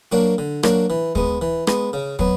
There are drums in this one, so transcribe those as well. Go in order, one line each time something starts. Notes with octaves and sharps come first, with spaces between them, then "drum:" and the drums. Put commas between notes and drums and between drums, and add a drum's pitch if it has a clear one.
F#3 A#3 D4 F#4
D3
F#3 A#3 D4 F#4, drum: rim click
E3
G#3 B3, drum: kick
E3
G#3 B3, drum: rim click
C#3
F#3 B3, drum: kick